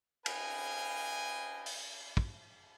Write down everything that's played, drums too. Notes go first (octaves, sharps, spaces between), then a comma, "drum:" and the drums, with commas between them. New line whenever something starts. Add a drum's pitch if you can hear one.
B4 D#5 F5 G5 G#5, drum: cymbal
drum: open hi-hat
drum: kick